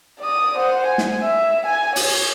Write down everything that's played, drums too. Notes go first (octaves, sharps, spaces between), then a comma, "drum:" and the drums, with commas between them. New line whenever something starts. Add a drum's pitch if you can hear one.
D5 D#6
C5 F#5
G#5
drum: snare
E5
G#5
C#5, drum: open hi-hat